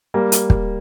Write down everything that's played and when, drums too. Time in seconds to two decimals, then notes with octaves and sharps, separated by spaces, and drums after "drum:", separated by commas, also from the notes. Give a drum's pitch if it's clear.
0.14 G3 A#3
0.32 drum: hi-hat
0.50 drum: kick